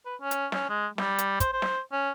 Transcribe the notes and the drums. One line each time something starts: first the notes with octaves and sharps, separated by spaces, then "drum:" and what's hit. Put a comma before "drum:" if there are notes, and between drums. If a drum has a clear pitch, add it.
B4
C#4
drum: hi-hat
C#4, drum: snare
G#3
G3, drum: snare
drum: hi-hat
C5, drum: kick, hi-hat
C5
drum: snare
C#4